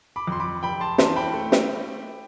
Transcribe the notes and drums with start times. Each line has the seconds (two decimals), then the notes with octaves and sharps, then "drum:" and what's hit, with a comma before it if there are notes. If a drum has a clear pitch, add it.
0.16 B5 D6
0.27 F2 C6
0.40 B5 D6
0.63 F1 G5 B5
0.80 A5 C6
0.98 E3 A5 C6, drum: snare
1.16 G5 B5
1.34 A3
1.52 drum: snare